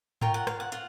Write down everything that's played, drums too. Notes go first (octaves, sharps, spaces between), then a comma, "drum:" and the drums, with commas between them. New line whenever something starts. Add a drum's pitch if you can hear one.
F4 A#4 C#5 G5, drum: tom G#2
F#5
F5, drum: rim click
F#5
F4 F#5, drum: hi-hat